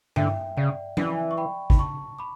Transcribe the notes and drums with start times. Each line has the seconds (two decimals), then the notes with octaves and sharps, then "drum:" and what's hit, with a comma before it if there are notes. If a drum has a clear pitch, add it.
0.16 D3 E5 G5, drum: tom G2
0.57 C#3 D5 F#5
0.97 E3 D5 F#5, drum: tom F3
1.31 C#6
1.37 G5 B5
1.70 B5, drum: kick
1.79 A5 C#6
2.19 B5 D6